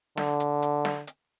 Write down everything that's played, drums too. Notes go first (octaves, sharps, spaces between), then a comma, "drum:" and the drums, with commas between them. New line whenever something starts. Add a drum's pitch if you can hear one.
D3, drum: snare
drum: hi-hat
drum: hi-hat
drum: snare
drum: hi-hat